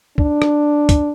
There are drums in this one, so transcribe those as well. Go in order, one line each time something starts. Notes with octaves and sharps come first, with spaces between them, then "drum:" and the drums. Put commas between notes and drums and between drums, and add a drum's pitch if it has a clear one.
D4, drum: kick
drum: rim click
drum: kick, hi-hat